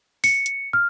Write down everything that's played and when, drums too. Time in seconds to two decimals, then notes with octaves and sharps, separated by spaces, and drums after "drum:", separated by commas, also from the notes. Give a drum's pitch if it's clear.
0.24 C#7, drum: open hi-hat
0.46 drum: hi-hat
0.73 F6